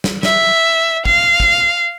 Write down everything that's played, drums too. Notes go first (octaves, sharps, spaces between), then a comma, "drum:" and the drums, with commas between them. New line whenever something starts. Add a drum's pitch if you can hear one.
drum: snare
E5, drum: snare
F5, drum: kick
drum: kick